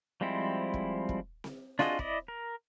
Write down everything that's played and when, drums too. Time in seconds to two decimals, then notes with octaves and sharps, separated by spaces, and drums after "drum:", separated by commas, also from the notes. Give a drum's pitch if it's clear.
0.21 F3 G3 G#3 C4 E4
0.74 drum: kick
1.09 drum: kick
1.44 drum: snare C4
1.79 D4 F4 F#4 G#4 D#5, drum: snare C4
1.99 E4 D5 D#5, drum: kick
2.28 A#4